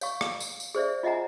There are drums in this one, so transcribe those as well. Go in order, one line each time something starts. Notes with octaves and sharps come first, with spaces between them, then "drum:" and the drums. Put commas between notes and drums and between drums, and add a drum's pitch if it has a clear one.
C#5 F5 C#6, drum: tambourine
drum: rim click
drum: tambourine
drum: tambourine
G#4 C5 D5 E5
F4 D#5 E5 F#5 G#5 A#5